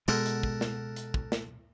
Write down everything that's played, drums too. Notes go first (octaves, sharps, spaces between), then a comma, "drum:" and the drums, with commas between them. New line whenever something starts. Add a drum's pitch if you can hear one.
B2 G#3 A4 A#4 F#5
drum: hi-hat
drum: kick
drum: snare
drum: hi-hat
drum: kick
drum: snare